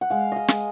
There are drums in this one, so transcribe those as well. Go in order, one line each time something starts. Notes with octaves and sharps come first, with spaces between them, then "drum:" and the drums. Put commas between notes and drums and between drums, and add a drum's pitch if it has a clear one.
F#5
G#3 F5
D#5 F5
G#3, drum: snare